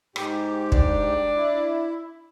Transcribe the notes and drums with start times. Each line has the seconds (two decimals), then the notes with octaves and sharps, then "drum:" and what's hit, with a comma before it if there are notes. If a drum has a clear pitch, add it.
0.16 G#2 G4, drum: rim click
0.72 D4, drum: kick
1.36 E4